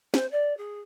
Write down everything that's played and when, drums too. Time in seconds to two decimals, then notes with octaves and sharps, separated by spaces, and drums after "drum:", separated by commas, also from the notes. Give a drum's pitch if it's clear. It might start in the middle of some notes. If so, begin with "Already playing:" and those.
0.14 C5, drum: snare
0.31 D5
0.57 G#4